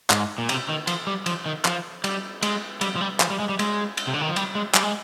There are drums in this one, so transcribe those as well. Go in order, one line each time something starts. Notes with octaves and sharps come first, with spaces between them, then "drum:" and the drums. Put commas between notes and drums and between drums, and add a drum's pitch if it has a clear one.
G#2, drum: clap
A#2
C3, drum: cymbal
D#3
F3, drum: cymbal
G3
F3, drum: cymbal
D#3
F3, drum: clap
G3, drum: cymbal
G#3, drum: cymbal
G3, drum: cymbal
F3
G3
F3, drum: clap
G3
G#3
G3
G#3, drum: cymbal
drum: cymbal
C3
D3
D#3
F3
G3, drum: cymbal
G#3
G3, drum: clap
G#3